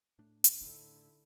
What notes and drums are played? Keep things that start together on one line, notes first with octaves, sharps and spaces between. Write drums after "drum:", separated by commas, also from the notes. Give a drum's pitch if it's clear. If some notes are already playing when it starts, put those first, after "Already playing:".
A2 A3 D4
drum: hi-hat
D3 D#4 E4